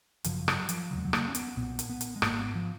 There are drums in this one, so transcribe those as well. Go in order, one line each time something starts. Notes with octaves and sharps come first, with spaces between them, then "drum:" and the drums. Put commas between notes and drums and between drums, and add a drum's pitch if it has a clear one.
G#1 F#2 C#3 F3, drum: hi-hat
F#3, drum: rim click
F3, drum: hi-hat
F1 D#2 C#3 F#3
G#3
F#3
A#3, drum: rim click
C#4
B3, drum: hi-hat
B1 A#2 B3
drum: hi-hat
B3
drum: hi-hat
G#3
G#1 G#2 A#3, drum: rim click
B3
F3